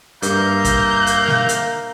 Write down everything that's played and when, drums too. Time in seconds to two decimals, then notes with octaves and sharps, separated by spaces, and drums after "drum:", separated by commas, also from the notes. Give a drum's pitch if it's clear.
0.22 G2 A#3 E5 F5 A#5 G6, drum: hi-hat
0.65 drum: kick, hi-hat
1.07 drum: hi-hat
1.28 drum: snare
1.49 drum: hi-hat